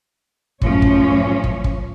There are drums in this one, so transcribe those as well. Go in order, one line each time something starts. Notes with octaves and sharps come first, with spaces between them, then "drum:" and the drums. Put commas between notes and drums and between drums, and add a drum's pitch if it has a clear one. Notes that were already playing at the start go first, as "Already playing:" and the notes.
F#2 A2 F3 C#4 C#5, drum: kick
drum: kick
drum: kick
drum: kick